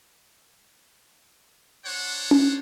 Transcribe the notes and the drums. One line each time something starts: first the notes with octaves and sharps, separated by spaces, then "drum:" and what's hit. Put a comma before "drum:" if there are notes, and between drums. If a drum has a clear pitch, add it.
D4 C5 C#5 F#5
drum: tom C#4